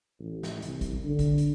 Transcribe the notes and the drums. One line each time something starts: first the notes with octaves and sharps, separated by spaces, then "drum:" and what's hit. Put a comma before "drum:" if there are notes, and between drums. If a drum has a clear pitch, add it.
A1
drum: snare
C2, drum: hi-hat
drum: kick G#1, hi-hat
D3
drum: kick G#1, hi-hat
drum: hi-hat